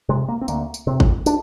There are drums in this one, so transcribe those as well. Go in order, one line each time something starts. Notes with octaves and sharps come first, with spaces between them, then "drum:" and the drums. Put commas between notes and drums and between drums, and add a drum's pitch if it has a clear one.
C3 G#3
A#3
C4
D2 A#3, drum: tambourine
drum: tambourine
C3 C4
drum: kick G#1
D4, drum: tambourine